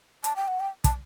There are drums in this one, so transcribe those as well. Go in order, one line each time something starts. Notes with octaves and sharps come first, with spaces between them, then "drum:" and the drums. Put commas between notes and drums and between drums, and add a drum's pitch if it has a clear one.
A5, drum: hi-hat
G5
F#5
G5
A5, drum: kick, hi-hat